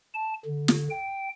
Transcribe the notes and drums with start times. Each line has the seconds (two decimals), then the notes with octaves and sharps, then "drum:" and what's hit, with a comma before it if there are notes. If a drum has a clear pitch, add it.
0.15 A5
0.46 D3
0.68 drum: snare
0.90 G5